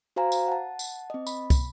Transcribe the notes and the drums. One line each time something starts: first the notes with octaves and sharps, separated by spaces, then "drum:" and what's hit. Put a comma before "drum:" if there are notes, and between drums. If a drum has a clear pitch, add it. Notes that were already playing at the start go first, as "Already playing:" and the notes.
F#4 C5 F5 G#5 A#5
drum: tambourine
F#5 A5
drum: tambourine
C4 D#5
B5, drum: tambourine
drum: kick, tambourine